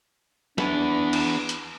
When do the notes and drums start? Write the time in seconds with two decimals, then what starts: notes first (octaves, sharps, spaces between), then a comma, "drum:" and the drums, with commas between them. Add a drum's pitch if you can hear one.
0.58 E3 B3 D4, drum: snare
1.13 drum: cymbal
1.49 drum: hi-hat